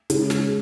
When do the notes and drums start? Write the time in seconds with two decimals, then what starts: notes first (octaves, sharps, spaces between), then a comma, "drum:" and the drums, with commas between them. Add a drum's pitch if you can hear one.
0.10 C#3 G#3, drum: hi-hat
0.30 drum: snare
0.46 G#3